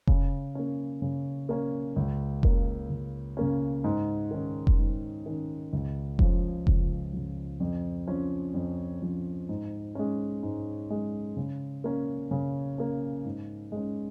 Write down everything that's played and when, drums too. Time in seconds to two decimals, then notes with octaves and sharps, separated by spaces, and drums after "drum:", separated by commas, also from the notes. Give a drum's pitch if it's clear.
0.07 C#3, drum: kick F1
0.55 A#3 C#4
1.02 C#3
1.49 A#3 C#4
1.96 C#2
2.43 C#3 A#3 C#4, drum: kick F1
2.90 C#2
3.37 C#3 A#3 C#4
3.84 G#2
4.31 D#3 C#4
4.67 drum: kick F1
4.79 G#2
5.26 D#3 C#4
5.73 C#2
6.19 C#3 F3, drum: kick F1
6.67 C#2, drum: kick F1
7.13 C#3 F3
7.60 F2
8.08 F3 C#4
8.54 F2
9.02 F3 C#4
9.49 G#2
9.95 G#3 C#4
10.43 G#2
10.90 G#3 C#4
11.37 C#3
11.84 A#3 C#4
12.31 C#3
12.78 A#3 C#4
13.25 G#2
13.72 G#3 C#4